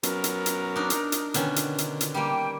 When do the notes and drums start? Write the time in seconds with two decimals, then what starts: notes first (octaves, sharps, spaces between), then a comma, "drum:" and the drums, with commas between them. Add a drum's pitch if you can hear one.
0.03 F#3 B3 C#4 A#4, drum: hi-hat
0.24 drum: hi-hat
0.46 drum: hi-hat
0.76 D4 D#4
0.90 drum: hi-hat
1.12 drum: hi-hat
1.34 B2 D3 D#3 C#4, drum: hi-hat
1.56 drum: hi-hat
1.78 drum: hi-hat
2.01 drum: hi-hat
2.14 G3 A#3 G5